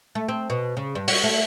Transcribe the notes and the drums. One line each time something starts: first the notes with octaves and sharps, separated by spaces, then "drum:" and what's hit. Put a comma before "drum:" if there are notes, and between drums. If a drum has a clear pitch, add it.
A3
C4
B2
C#3
G2
F#4, drum: open hi-hat
A3